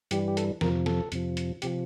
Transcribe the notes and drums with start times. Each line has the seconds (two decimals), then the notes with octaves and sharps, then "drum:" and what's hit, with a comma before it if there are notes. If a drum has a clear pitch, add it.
0.11 G2 E3 G3 G4, drum: hi-hat
0.28 G4
0.37 A4, drum: hi-hat
0.61 F2 C3 F3 A#4, drum: snare
0.86 A4, drum: snare
1.12 F2 C3 F3, drum: hi-hat
1.37 drum: hi-hat
1.62 C3 F3 G4, drum: hi-hat